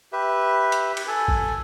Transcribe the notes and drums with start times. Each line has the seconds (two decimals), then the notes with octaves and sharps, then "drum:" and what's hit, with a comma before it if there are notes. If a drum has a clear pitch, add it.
0.13 G4 B4 E5
0.72 drum: hi-hat
0.97 drum: cymbal
1.07 A4 G#5
1.28 drum: kick A#1